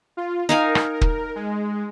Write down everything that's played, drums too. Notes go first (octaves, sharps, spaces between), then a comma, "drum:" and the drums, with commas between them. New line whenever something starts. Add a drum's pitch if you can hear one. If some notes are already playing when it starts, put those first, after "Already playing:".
F4
D#4 A#4 F5 G#5
drum: rim click
drum: kick
G#3